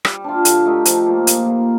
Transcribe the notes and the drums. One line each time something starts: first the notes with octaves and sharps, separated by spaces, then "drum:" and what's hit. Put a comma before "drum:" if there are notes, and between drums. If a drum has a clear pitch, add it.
G3, drum: rim click
D4 F4
D3, drum: hi-hat
A3 D#4 G4
F3, drum: hi-hat
A#3 F4
A#2, drum: hi-hat
G3 A#3